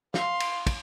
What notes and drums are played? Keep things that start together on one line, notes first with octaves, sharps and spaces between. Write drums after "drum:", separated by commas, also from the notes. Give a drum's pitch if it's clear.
F5 C6, drum: snare
drum: cymbal
drum: kick, cymbal